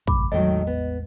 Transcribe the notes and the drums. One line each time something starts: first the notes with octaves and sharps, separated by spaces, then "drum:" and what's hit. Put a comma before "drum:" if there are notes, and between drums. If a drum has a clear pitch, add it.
C2 F#2 A2 B5 D6, drum: kick
A1 E2 A2 D#3 F#3 G#3 D#5
B3